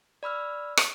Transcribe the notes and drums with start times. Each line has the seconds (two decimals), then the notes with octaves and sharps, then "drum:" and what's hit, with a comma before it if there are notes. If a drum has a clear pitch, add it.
0.23 D5 B5 E6 F6
0.77 drum: rim click